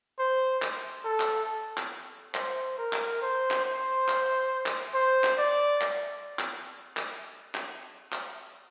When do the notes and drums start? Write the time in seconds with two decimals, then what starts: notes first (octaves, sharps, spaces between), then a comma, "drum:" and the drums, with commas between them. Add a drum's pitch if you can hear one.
0.19 C5
0.62 drum: clap
1.05 A4
1.20 drum: clap
1.77 drum: clap
2.35 C5, drum: clap
2.78 A#4
2.93 drum: clap
3.22 C5
3.51 drum: clap
3.66 C5
4.08 drum: clap
4.66 drum: clap
4.94 C5
5.24 drum: clap
5.38 D5
5.81 drum: clap
6.39 drum: clap
6.97 drum: clap
7.54 drum: clap
8.12 drum: clap